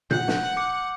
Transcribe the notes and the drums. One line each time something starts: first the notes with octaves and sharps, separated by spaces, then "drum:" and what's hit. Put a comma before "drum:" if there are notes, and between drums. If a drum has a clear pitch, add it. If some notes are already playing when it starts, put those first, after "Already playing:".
F#5 G6, drum: tom A#2
drum: snare
D6 C#7